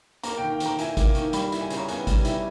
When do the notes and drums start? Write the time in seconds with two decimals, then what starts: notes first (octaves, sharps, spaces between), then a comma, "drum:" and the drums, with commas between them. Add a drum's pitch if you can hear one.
0.24 A#3 A#5, drum: hi-hat
0.38 D#3 G5
0.52 G5
0.60 D#3, drum: hi-hat
0.66 A#5
0.79 E4 G#5, drum: hi-hat
0.97 A#3, drum: kick G#1, hi-hat
1.15 D#3, drum: hi-hat
1.33 G3 B5, drum: hi-hat
1.52 E4, drum: hi-hat
1.61 G#5
1.70 C#3, drum: hi-hat
1.77 A#5
1.88 B3 G#5, drum: hi-hat
2.07 G3, drum: kick G#1, hi-hat
2.25 E4, drum: hi-hat